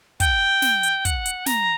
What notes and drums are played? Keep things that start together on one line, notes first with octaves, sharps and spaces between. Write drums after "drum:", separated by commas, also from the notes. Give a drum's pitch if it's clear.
G5, drum: kick, hi-hat
drum: snare
drum: hi-hat
F#5, drum: kick, hi-hat
drum: hi-hat
A#5, drum: snare